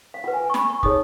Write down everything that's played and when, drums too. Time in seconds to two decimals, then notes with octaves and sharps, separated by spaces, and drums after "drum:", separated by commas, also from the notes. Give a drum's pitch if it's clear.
0.14 F5
0.24 F4 B4 F#5
0.33 G#5
0.44 G#5
0.50 C#6
0.54 B5, drum: snare
0.69 C#6
0.83 D#4 G#4 C#5 D#6, drum: kick